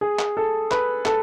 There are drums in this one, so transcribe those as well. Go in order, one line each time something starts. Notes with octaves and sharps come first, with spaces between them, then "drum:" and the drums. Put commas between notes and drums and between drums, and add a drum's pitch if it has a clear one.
G#4
drum: clap
A4
B4, drum: clap
A4, drum: clap